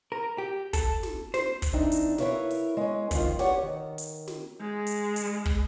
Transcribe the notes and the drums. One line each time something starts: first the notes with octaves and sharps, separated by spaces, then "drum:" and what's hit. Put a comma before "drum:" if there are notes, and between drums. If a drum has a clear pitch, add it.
A#4
G4
A4, drum: kick, hi-hat
drum: snare
C5, drum: snare
drum: kick, hi-hat
E3 C4 D4 D#4
drum: hi-hat
E4 A#4 B4 C#5 E5 F5, drum: snare
drum: open hi-hat
G#3 C#4
C3 D#3 F3 F4, drum: kick, hi-hat
G4 B4 C#5 D5 F#5, drum: snare
D#3
drum: hi-hat
drum: snare
G#3
drum: hi-hat
drum: hi-hat
drum: kick